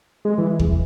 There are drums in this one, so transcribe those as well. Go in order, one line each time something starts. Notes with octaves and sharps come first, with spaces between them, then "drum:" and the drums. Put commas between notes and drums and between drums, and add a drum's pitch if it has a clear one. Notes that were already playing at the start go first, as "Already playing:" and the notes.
G#3
E3
drum: kick D#2